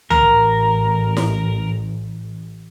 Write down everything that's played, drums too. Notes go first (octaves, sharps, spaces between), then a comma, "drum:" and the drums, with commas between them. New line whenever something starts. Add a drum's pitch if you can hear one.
A1 A#4, drum: tom
drum: snare